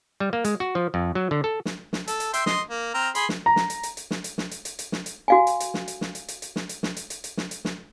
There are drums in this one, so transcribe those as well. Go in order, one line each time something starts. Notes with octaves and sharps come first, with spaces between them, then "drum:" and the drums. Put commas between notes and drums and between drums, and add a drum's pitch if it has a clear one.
G3
A#3
G#3, drum: hi-hat
F#4
F3
F2
F#3
D3
A4
drum: snare
drum: snare
A4, drum: hi-hat
drum: hi-hat
E5 G5 C6, drum: hi-hat
D#5 C6, drum: snare
A#3
C4 A#5 F6
G#4 B5 C6, drum: hi-hat
drum: snare
A#5
drum: snare
drum: hi-hat
drum: hi-hat
drum: hi-hat
drum: snare
drum: hi-hat
drum: snare
drum: hi-hat
drum: hi-hat
drum: hi-hat
drum: snare
drum: hi-hat
F#4 F5 G#5
drum: hi-hat
drum: hi-hat
drum: snare
drum: hi-hat
drum: snare
drum: hi-hat
drum: hi-hat
drum: hi-hat
drum: snare
drum: hi-hat
drum: snare
drum: hi-hat
drum: hi-hat
drum: hi-hat
drum: snare
drum: hi-hat
drum: snare